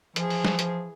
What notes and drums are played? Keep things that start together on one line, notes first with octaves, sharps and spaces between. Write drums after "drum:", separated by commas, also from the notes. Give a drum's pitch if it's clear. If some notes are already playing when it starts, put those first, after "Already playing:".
E3 F3 G#4, drum: hi-hat
drum: open hi-hat
drum: snare
drum: hi-hat